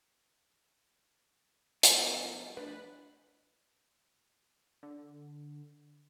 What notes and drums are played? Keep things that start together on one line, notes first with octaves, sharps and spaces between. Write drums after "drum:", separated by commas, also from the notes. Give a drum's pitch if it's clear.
B2 F3 G3, drum: hi-hat
A2 F3 D4 B4
D3